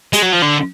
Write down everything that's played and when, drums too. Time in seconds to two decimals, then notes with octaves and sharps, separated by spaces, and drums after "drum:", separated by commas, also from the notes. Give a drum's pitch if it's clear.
0.13 G#3, drum: hi-hat
0.22 F#3
0.32 F3
0.42 D3